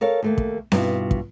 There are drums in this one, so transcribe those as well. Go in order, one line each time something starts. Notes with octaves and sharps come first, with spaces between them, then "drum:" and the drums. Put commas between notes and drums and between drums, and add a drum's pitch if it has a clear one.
A4 A#4 C#5 F5
D#2 A3 A#3
drum: kick
G2 B2 E4 F4, drum: snare C4
drum: kick